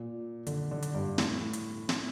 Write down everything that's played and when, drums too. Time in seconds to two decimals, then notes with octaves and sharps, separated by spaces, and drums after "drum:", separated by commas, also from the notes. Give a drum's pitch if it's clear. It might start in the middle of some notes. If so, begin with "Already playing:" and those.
Already playing: A#2
0.47 D3, drum: hi-hat
0.71 D3
0.83 drum: hi-hat
0.95 G2
1.18 A2, drum: snare
1.53 drum: hi-hat
1.89 drum: snare